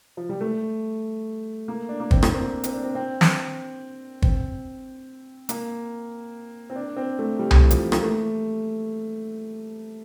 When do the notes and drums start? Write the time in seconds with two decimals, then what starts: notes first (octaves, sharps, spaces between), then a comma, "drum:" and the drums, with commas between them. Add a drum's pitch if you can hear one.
0.17 F3
0.29 G3
0.41 A3
1.68 A#3
1.89 D4
2.00 A#3
2.11 C4, drum: kick
2.23 A#3, drum: rim click
2.32 C4
2.64 C4, drum: hi-hat
2.73 D4
2.83 C4
2.95 C4
3.21 drum: snare
4.22 C4, drum: kick
5.49 A#3, drum: hi-hat
6.70 C4
6.76 D4
6.96 C4
7.19 A3
7.39 G3
7.51 drum: tom C2
7.62 E3
7.71 F3, drum: hi-hat
7.92 A#3, drum: rim click
8.03 A3